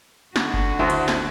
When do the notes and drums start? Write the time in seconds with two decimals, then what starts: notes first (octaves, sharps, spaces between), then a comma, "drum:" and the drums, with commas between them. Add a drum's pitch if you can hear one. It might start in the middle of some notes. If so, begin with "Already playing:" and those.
0.36 D3 F#4, drum: snare
0.54 drum: kick F#1
0.79 D2 E4 C5
0.90 drum: cymbal
1.08 drum: snare